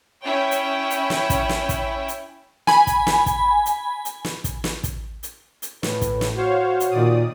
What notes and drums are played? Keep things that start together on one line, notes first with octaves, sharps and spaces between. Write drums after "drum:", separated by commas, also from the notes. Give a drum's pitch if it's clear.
C#4 E4 C#5 G5
drum: hi-hat
drum: hi-hat
drum: snare
drum: kick, hi-hat
drum: snare
drum: kick, hi-hat
drum: hi-hat
G#5 B5, drum: snare
drum: kick, hi-hat
drum: snare
drum: kick, hi-hat
drum: hi-hat
drum: hi-hat
drum: snare
drum: kick, hi-hat
drum: snare
drum: kick, hi-hat
drum: hi-hat
drum: hi-hat
A2 B4, drum: snare
drum: kick, hi-hat
drum: snare
F#4 C5 C#5 F5
drum: hi-hat
A#2 D#3 D5 D#6